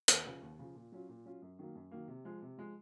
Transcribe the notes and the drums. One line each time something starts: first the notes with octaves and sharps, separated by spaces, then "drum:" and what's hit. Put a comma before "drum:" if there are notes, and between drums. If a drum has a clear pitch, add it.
D#2, drum: hi-hat
C#3 F3
D#2
C#3 F3
A#2
F#3 C#4 F4
A#2
F#3 C#4 F4
F#2
D#3 F#3 A#3
F#2
D#3 F#3 A#3
C3
F3 G#3
C3
F3 G#3